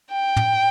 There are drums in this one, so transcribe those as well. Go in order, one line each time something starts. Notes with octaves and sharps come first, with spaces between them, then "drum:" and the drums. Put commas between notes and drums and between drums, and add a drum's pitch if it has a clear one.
G5
drum: tom